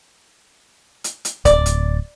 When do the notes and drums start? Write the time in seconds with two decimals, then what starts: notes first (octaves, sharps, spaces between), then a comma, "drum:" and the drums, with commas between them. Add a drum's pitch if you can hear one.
1.04 drum: hi-hat
1.25 drum: hi-hat
1.45 D1 D5, drum: kick, hi-hat
1.66 drum: hi-hat